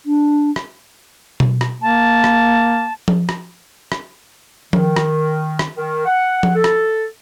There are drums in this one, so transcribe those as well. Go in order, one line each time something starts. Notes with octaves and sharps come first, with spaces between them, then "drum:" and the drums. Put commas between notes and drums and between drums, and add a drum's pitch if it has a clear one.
D4
drum: rim click
drum: tom B2
drum: rim click
A#3 A5
drum: rim click
drum: tom F3
drum: rim click
drum: rim click
D#3, drum: tom F3
drum: rim click
drum: rim click
D#3
F#5
drum: tom F3
A4
drum: rim click